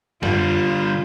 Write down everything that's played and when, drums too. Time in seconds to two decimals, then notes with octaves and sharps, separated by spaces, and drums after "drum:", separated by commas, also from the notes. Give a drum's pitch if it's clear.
0.23 D3 G3 F4, drum: tom F#2